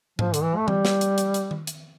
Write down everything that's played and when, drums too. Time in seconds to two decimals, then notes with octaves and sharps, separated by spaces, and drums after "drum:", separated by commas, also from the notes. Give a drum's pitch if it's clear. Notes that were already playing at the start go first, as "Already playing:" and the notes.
0.19 F3, drum: tom G#2
0.34 D3, drum: hi-hat
0.43 E3
0.56 A3
0.68 G3, drum: tom E3
0.85 drum: snare
1.01 drum: hi-hat
1.18 drum: hi-hat
1.34 drum: hi-hat
1.51 drum: tom D#3
1.67 drum: hi-hat